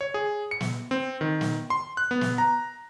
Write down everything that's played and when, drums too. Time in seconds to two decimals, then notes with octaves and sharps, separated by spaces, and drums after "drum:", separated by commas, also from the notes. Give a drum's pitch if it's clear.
0.01 C#5
0.14 G#4
0.51 C#7
0.61 drum: snare
0.91 C4
1.21 D#3
1.41 drum: snare
1.70 C6
1.97 F#6
2.11 B3
2.21 drum: snare
2.38 A#5